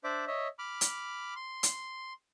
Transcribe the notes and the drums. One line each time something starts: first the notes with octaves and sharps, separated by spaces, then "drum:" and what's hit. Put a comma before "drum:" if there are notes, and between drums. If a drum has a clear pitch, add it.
D4 C5 D5 E5 D6
C#5 D#5 E5
B5 D6 F6
drum: hi-hat
C6
drum: hi-hat